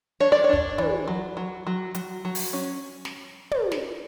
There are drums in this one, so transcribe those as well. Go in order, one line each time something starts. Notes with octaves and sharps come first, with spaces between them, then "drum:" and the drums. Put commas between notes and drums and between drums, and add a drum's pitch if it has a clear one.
D4 C#5
D5
D4 C#5
drum: kick
E3, drum: tom
F#3
F#3
F#3
F#3, drum: hi-hat
F#3
drum: open hi-hat
C#4
drum: snare
drum: tom
drum: snare